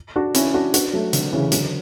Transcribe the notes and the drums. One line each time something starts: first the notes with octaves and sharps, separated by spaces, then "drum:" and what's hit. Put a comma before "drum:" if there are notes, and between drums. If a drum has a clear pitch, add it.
D4 F#4
C#4 E4, drum: hi-hat
D4 F#4
D4 F#4, drum: hi-hat
F#3 A3
D3, drum: hi-hat
C#3 E3
D3 F#3, drum: hi-hat